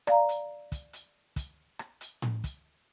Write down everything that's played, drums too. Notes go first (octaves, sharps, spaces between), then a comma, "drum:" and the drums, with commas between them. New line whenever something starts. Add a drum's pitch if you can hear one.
D5 F5 A#5, drum: rim click
drum: hi-hat
drum: kick, hi-hat
drum: hi-hat
drum: kick, hi-hat
drum: rim click
drum: hi-hat
drum: tom A2
drum: kick, hi-hat